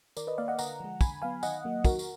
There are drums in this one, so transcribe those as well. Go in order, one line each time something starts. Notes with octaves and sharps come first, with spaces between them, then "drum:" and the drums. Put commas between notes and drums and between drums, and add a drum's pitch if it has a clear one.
D#3 A#4 D5, drum: tambourine
B4 D#5
A#3 D5 F5
D#5 F#5
D3 F#5 A#5, drum: tambourine
F3 G#3
D3 G#5 B5, drum: kick, tambourine
F#3 B3 F5 G#5
D#3 D#5 F#5, drum: tambourine
F#3 A#3
D#3 F#4 A#4, drum: kick, tambourine
drum: tambourine